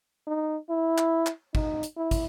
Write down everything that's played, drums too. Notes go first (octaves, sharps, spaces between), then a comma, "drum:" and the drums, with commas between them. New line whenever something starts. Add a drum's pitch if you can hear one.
D#4
E4
drum: clap
drum: clap
D#4, drum: kick
drum: hi-hat
E4
drum: kick, hi-hat